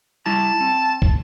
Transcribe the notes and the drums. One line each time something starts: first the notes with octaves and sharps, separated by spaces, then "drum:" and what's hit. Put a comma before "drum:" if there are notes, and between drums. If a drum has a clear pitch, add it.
G3 E4 A5 A#5
C4
drum: kick